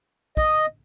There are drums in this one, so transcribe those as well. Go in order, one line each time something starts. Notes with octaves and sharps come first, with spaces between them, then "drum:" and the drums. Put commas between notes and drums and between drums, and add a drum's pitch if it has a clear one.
D#5, drum: kick